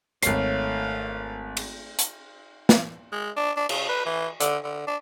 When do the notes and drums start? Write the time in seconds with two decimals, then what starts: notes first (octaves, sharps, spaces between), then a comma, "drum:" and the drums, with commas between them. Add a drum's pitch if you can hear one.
0.23 G#1 A3 C#5 F5 C7, drum: hi-hat
1.57 drum: cymbal
1.99 drum: hi-hat
2.69 drum: snare
3.12 G#3
3.37 D4
3.57 D4
3.69 C#3, drum: cymbal
3.89 B4
4.06 E3
4.40 D3, drum: hi-hat
4.64 D3
4.87 D4